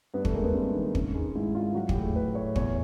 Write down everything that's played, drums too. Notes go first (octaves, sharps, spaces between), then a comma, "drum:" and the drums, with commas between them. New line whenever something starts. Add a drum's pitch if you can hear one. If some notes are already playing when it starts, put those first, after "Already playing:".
G2 B3
A3, drum: kick
G#3 A#3
B3
G2 C4
D#3
G#2 C#4, drum: kick
G#3 D#4
G#2 E4
G#2 F4
F#3 F#4
G4, drum: kick
A2
G#4
A2 B4
A2 C#5
E2 C#5, drum: kick